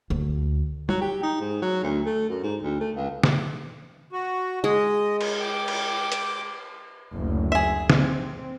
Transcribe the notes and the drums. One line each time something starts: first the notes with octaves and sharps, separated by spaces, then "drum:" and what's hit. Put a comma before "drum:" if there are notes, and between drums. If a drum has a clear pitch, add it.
D2
F#3, drum: tom
G4
D#4
G#2
F#3
D2
A3
F#2
G#2
D2
A3
C#2
drum: snare
F#4
G#3 D#5
drum: cymbal
G5 D6
drum: cymbal
drum: hi-hat
F#1 D2
G#4 E5
C4, drum: snare